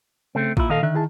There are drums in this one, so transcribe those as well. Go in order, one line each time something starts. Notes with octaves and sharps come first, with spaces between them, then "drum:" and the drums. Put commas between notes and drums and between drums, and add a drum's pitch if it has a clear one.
C#3 A3 C4
A#2 E4 F4, drum: kick A1
A#2 D#3 A4 D#5 F5 D#6
D3 D#3 E5 F#6
E4 G#4 A5